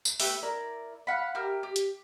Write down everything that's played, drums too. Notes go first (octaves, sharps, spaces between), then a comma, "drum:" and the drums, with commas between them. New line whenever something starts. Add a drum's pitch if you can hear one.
drum: tambourine
A3 B3 G4 E5, drum: open hi-hat
E4 A#4 D5
F5 F#5 B5
G4 A#4 E5 F6
G4
drum: hi-hat